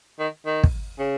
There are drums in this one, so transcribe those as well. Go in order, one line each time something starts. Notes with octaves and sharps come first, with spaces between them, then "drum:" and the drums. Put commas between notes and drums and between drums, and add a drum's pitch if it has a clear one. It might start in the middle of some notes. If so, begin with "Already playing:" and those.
D#3
D#3
drum: kick
C#3